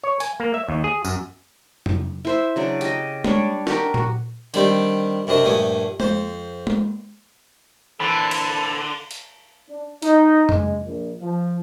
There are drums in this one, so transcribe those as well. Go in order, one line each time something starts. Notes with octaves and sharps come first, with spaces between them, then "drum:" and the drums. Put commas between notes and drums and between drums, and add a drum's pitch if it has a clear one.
C#5
G#5, drum: hi-hat
A#3
E5
D#2
G#4
F#2, drum: tambourine
drum: tom F2
E4 C5 E5
C#3 F#3 D4
G4 D#5, drum: hi-hat
G3 D4 C#5, drum: tom G#3
F#4 G4 A#4, drum: snare
F#4, drum: tom A#2
D3 D#3 G3 C4, drum: hi-hat
F#2 C3 D4 D#5
A#1 G2 A3 G#5 D#6
F2 C5, drum: tom G#3
drum: tom G#3
A#2 D3 E3 C4 A4 A5 B5
drum: cymbal
drum: hi-hat
D4
D#4, drum: hi-hat
G#3, drum: tom F2
A#1
F3